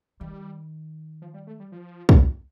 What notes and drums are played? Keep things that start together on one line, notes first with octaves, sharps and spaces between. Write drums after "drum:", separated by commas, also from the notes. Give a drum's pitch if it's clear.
D#3 G3
F3
G3
A3
G3
F3
drum: kick